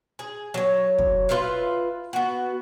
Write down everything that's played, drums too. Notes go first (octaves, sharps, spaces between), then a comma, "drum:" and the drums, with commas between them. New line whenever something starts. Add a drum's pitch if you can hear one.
G#4
F#3 C#5
drum: kick
F4 B4 E5 F5
B3 F#4